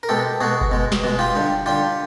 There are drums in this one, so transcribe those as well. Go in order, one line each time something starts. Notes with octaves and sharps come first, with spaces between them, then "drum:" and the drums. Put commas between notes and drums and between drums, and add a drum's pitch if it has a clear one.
A#4
B2 G#3 G4 A4
B2 G#3 F#4 G#4
drum: kick F#1
B2 G#3
drum: snare
B2 G#3
F4 G4
D3 G3
D3 G3 F4 G4